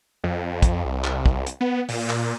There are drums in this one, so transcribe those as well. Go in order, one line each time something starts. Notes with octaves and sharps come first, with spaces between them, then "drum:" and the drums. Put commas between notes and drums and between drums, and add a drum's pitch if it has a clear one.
F2
drum: kick, hi-hat
C2
drum: clap
drum: kick
drum: hi-hat
B3
A#2, drum: open hi-hat
drum: clap